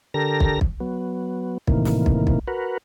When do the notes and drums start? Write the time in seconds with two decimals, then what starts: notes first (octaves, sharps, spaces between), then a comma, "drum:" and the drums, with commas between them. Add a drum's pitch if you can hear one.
0.14 D3 G4 A4 A#4 A#5 A#6
0.40 drum: kick
0.61 drum: kick
0.80 F#3 B3
1.67 A2 C3 D#3 E3 A#3, drum: kick
1.85 drum: snare
2.06 drum: kick
2.27 drum: kick
2.48 F#4 A#4 B4